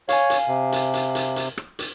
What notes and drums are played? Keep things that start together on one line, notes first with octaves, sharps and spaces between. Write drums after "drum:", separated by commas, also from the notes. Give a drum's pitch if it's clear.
C#5 F5 G#5, drum: hi-hat
drum: hi-hat
C3
drum: hi-hat
drum: hi-hat
drum: hi-hat
drum: hi-hat
drum: rim click
drum: hi-hat